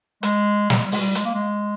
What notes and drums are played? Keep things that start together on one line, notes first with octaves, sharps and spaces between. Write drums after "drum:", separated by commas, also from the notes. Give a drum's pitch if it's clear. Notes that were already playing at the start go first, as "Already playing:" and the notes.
G#3, drum: hi-hat
G3, drum: snare
G#3
G3
G#3, drum: open hi-hat
G3
G#3, drum: hi-hat
A#3
G#3